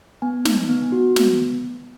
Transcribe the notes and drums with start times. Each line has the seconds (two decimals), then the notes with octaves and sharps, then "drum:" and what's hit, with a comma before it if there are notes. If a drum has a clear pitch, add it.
0.22 B3 G#5
0.45 D#4, drum: snare
0.69 B3
0.92 F#4
1.16 B3, drum: snare